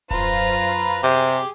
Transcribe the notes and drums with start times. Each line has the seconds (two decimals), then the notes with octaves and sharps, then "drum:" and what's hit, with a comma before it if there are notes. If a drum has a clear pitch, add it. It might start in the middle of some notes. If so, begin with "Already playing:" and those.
0.11 F#2 F4 B4 C5 A#5, drum: kick D#1
1.03 C3 G4 G#4